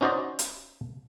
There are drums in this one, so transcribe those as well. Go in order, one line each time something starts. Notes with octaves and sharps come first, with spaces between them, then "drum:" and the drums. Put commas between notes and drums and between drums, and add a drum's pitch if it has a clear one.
C#4 D#4 F#4 C5 D5 D#5
drum: hi-hat